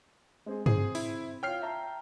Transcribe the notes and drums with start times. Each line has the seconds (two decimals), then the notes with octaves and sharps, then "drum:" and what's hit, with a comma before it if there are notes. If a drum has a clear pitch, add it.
0.46 G#3 C4 G#4
0.66 C4 G#4, drum: tom G2
0.95 E4, drum: open hi-hat
1.43 F4 C#5 G5 F6 C7
1.62 E5 A5 A#5